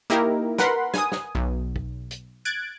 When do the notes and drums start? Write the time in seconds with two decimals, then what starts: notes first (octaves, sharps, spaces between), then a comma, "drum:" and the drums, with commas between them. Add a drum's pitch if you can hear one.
0.10 A#3 D#4 E4 G4 A#4
0.58 A#4 B4 F#5 B5 C6, drum: snare
0.94 G#5 D#6, drum: snare
1.12 drum: snare
1.35 B1, drum: tom G2
1.76 drum: kick
2.11 drum: hi-hat
2.45 F#6 G#6 A6 D7